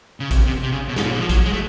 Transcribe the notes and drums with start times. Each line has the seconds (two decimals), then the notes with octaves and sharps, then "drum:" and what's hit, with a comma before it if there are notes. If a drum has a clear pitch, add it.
0.20 C#3
0.31 C3, drum: kick A1, hi-hat
0.46 C3
0.63 C3
0.72 C#3
0.88 B2
0.96 G#2, drum: snare
1.04 A#2
1.13 B2
1.20 F3
1.29 F#3, drum: kick A1, hi-hat
1.46 G#3
1.53 A3